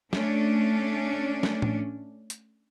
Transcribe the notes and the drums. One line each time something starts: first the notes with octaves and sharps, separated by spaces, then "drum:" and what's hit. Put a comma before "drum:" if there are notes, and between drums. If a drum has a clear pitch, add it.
A3 C#4 D4, drum: snare
drum: snare
drum: tom A2
drum: hi-hat